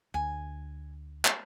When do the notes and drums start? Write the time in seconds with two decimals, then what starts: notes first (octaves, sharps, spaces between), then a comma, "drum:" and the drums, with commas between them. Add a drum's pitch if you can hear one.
0.14 D2 G#5
1.25 drum: clap